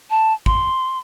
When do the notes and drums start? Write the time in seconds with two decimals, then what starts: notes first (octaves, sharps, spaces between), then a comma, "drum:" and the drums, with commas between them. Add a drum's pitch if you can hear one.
0.10 A5
0.46 C6, drum: kick G#1